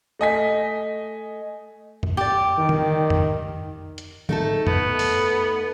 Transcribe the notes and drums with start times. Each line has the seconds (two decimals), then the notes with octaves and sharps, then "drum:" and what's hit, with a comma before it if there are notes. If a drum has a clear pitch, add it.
0.19 A3 D#5 G#5 B6
2.03 drum: tom F2
2.17 G4 D5
2.58 D#3
2.69 drum: tom D3
3.10 drum: tom F2
3.98 drum: hi-hat
4.29 A3 D#4 A4, drum: tom D3
4.67 B3, drum: tom F2
4.99 drum: open hi-hat